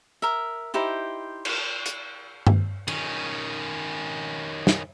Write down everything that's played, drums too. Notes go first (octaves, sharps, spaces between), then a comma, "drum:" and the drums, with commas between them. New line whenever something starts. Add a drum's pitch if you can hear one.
A#4 E5
D#4 E4 G4 C5
drum: cymbal
drum: hi-hat
drum: tom G2
D#3 C#4, drum: cymbal
drum: snare